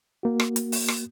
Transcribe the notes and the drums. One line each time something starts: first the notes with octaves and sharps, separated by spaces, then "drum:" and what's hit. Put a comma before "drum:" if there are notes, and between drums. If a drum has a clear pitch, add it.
A#3 F#4
drum: rim click
drum: hi-hat
drum: open hi-hat
drum: rim click